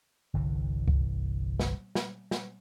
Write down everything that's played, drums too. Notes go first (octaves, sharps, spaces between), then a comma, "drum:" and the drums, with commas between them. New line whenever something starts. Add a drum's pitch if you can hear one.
G1 C2 D3 E3
drum: kick C#2
drum: snare
drum: snare
drum: snare